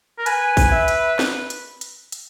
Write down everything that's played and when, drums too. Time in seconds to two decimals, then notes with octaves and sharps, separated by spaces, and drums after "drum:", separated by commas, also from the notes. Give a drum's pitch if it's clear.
0.18 A#4
0.26 B4 G#5, drum: hi-hat
0.57 drum: kick, open hi-hat
0.72 E5
0.88 drum: hi-hat
1.19 drum: snare
1.50 drum: hi-hat
1.81 drum: hi-hat
2.12 drum: hi-hat